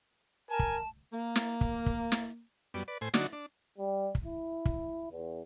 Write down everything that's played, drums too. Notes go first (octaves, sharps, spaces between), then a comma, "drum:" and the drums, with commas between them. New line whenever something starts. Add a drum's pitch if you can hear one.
A#4 G#5 A5
drum: kick
A#3
drum: snare
drum: kick
drum: kick
drum: snare
F#2 G3 B3 D5
B4 D5
A2 C5 G#5
D3 F#3 D4 D#4 F#4, drum: snare
D4
G3
drum: kick
E4
drum: kick
E2